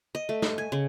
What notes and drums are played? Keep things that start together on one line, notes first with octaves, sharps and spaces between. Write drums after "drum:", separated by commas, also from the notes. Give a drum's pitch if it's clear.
D#5
A3
C#6, drum: snare
G#5
C#3